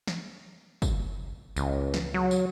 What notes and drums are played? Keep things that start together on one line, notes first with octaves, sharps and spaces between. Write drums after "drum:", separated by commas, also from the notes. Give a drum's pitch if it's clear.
drum: snare
drum: kick, tambourine
C#2, drum: tambourine
drum: snare
F#3
drum: tambourine